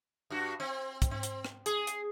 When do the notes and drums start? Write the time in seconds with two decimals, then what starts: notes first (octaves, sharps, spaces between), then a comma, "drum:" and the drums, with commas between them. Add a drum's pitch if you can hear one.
0.30 G2 F#4
0.60 C4
1.02 drum: kick, hi-hat
1.11 C4
1.23 drum: hi-hat
1.45 drum: rim click
1.66 G#4, drum: hi-hat
1.87 drum: hi-hat